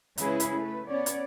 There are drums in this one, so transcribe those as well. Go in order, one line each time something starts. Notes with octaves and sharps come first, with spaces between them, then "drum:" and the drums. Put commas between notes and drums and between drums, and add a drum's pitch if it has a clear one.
C#3 G#3 C#4 E4 G#4 B4, drum: hi-hat
drum: hi-hat
A3 B4
B3 C#4 C#5 D5
drum: hi-hat